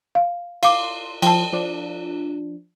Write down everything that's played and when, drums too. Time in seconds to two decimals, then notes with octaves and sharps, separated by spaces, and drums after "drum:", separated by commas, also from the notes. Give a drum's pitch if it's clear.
0.15 F5
0.63 F5 C6 D6, drum: cymbal
1.22 F3 G5 A5, drum: cymbal
1.53 F3 D4